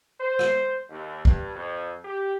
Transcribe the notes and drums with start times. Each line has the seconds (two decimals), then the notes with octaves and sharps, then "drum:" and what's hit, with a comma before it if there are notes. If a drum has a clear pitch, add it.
0.20 C5
0.39 drum: rim click
0.90 D#2
1.25 G2, drum: kick
1.56 F2
2.05 G4